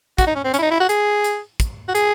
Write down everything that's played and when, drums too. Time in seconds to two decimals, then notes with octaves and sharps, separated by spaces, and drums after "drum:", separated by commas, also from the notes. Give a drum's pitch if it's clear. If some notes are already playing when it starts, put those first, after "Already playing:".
0.18 F#4, drum: kick, hi-hat
0.27 D#4
0.36 C#4
0.45 C4
0.54 C#4, drum: hi-hat
0.58 E4
0.62 D#4
0.71 E4
0.80 F#4
0.89 G#4, drum: hi-hat
1.24 drum: hi-hat
1.60 drum: kick, hi-hat
1.89 F#4
1.95 G#4, drum: hi-hat